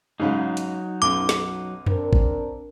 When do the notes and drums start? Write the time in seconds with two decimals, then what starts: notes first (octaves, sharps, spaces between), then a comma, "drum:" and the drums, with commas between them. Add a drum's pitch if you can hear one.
0.20 G#2 C#3 F#3 G#3 D#4
0.57 drum: hi-hat
1.02 B1 F#2 D6
1.29 drum: snare
1.86 C4 D4 A#4, drum: tom F2
2.13 drum: kick